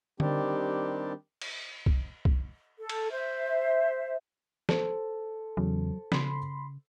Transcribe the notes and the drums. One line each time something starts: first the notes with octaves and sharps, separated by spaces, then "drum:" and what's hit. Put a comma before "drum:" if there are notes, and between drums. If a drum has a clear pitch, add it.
D#3 G3 C4 D4 G4, drum: tom D3
drum: cymbal
drum: kick C2
drum: kick C2
A4
drum: cymbal
C5 E5
A4 C5, drum: snare
E2 C#3 F#3
C#3 B5 C6, drum: snare